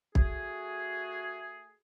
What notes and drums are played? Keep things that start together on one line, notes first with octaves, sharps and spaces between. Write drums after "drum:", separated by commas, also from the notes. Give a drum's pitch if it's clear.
A3 F#4 G#4, drum: kick